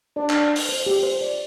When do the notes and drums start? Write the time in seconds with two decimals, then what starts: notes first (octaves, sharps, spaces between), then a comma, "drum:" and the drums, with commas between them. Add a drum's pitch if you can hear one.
0.17 D4 D5
0.30 drum: clap
0.56 drum: open hi-hat
0.69 C5
0.86 G4
1.03 C5
1.21 D5